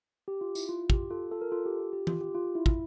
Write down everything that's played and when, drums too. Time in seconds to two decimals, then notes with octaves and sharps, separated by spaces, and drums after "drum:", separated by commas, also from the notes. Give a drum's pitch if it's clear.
0.28 G4
0.41 F4
0.55 E4, drum: tambourine
0.69 F4
0.90 G4, drum: kick
1.10 F4 A4
1.31 F4 A4
1.41 A#4
1.52 F4 A4
1.66 G4
1.80 F4
1.93 G4
2.07 F4, drum: tom E3
2.21 G4
2.35 F4
2.55 E4
2.66 drum: kick